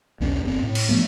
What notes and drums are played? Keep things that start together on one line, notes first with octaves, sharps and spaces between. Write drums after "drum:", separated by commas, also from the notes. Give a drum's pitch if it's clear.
B1 E2 C#4
F#1 A2 C4
A2
drum: cymbal
F3 A3 B3